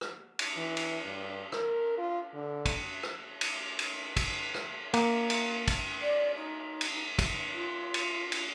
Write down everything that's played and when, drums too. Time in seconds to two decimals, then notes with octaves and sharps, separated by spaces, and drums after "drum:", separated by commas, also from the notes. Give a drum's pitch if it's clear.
0.01 drum: rim click
0.39 drum: cymbal
0.57 E3
0.77 drum: cymbal
1.06 G2
1.52 A#4, drum: rim click
1.98 F4
2.34 D3
2.66 drum: kick, cymbal
3.03 drum: rim click
3.41 drum: cymbal
3.79 drum: cymbal
4.17 drum: kick, cymbal
4.54 drum: rim click
4.94 A#3, drum: cymbal
5.30 drum: cymbal
5.68 drum: kick, cymbal
6.01 D5
6.36 D#4
6.81 drum: cymbal
7.19 drum: kick, cymbal
7.53 F4
7.94 drum: cymbal
8.32 drum: cymbal